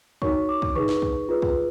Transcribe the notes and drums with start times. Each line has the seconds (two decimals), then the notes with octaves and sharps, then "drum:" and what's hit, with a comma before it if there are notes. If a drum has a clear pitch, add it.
0.22 D#4 F#4 A#4 C#5 C#6, drum: kick
0.49 D6
0.62 drum: kick
0.76 D#4 G#4 B4 C#6, drum: tom
0.89 drum: snare
1.02 drum: kick
1.29 F4 G#4 B4
1.42 drum: kick